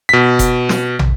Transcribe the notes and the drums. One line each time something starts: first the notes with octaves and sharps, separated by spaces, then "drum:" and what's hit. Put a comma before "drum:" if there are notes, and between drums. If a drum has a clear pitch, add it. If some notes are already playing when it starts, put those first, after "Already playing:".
B2 B6
drum: kick F1, hi-hat
drum: snare
drum: tom